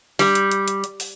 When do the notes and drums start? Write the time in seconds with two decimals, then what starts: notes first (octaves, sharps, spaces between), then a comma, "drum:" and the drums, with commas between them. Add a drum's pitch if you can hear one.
0.19 G3, drum: open hi-hat
0.35 drum: hi-hat
0.51 drum: hi-hat
0.68 drum: hi-hat
0.84 drum: hi-hat
1.00 drum: open hi-hat